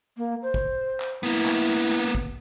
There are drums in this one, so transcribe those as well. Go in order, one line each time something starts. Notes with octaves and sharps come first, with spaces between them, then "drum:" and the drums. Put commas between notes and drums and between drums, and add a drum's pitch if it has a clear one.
A#3
C5
drum: kick
drum: clap
A#3 B3 E4
drum: clap
drum: clap
drum: kick